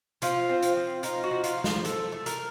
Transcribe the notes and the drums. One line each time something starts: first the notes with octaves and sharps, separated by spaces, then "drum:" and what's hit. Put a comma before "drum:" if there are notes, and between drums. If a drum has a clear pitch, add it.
F3 F4, drum: hi-hat
C4
drum: hi-hat
F3
D#4 F4, drum: hi-hat
F#4
F3
F4, drum: hi-hat
F3
F4, drum: snare
A3 A4, drum: hi-hat
A3
A#4, drum: hi-hat